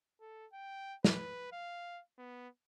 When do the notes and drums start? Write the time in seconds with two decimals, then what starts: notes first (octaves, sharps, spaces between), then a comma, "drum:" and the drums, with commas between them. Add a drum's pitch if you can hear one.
0.21 A4
0.53 G5
1.05 B4, drum: snare
1.52 F5
2.18 B3